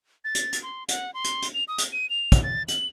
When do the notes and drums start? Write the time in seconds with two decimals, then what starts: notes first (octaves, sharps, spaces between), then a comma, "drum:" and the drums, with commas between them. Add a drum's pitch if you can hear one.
0.25 A6
0.35 drum: hi-hat
0.53 drum: hi-hat
0.63 C6
0.89 F#5, drum: hi-hat
1.14 C6
1.24 drum: hi-hat
1.42 drum: hi-hat
1.54 F7
1.68 D#6
1.78 drum: hi-hat
1.92 D#7
2.10 F7
2.32 drum: kick, hi-hat
2.43 A6
2.68 F#7, drum: hi-hat